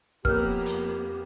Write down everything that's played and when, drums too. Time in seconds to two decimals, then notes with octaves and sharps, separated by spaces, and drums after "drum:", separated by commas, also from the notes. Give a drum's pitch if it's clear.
0.25 F2 A#3 B3 G4 A#4 C#5 F6, drum: kick
0.66 drum: hi-hat